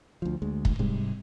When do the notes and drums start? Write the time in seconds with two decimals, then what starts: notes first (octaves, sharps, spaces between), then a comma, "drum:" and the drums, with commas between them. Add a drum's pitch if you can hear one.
0.22 D2 F3
0.42 D2 G#3
0.65 drum: kick
0.79 G#2 C3 G3 G#3